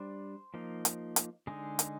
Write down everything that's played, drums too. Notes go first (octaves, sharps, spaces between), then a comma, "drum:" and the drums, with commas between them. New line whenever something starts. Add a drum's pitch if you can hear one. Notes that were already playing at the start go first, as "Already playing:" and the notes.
Already playing: G3 D4 C5
F3 A#3 D#4
drum: hi-hat
drum: hi-hat
D3 G#3 D#4 G#4
drum: hi-hat